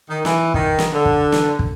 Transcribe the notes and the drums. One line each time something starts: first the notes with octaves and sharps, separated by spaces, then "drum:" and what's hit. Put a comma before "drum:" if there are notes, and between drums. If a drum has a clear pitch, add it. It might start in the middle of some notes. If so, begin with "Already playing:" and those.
D#3
E3, drum: snare
D#3, drum: kick
drum: snare
D3
drum: kick
drum: snare
drum: kick